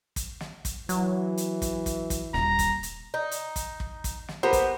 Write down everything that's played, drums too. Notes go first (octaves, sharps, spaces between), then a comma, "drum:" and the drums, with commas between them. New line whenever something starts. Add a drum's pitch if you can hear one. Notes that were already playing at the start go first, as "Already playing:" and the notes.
drum: kick, hi-hat
drum: snare
drum: kick, hi-hat
E3 F#3, drum: hi-hat
drum: hi-hat
drum: kick, hi-hat
drum: kick, hi-hat
drum: kick, hi-hat
D#1 A#5, drum: snare
drum: kick, hi-hat
drum: hi-hat
D#4
drum: hi-hat
drum: kick, hi-hat
drum: kick
drum: kick, hi-hat
drum: snare
B3 G4 A#4 C5 B5
drum: kick, hi-hat